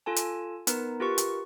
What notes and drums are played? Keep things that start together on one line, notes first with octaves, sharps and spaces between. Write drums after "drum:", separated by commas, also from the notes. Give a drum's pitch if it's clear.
F4 A4 G#5 A5
drum: hi-hat
B3 D#4 A#4 B4, drum: hi-hat
F4 G4 A#4 B4 C#6
drum: hi-hat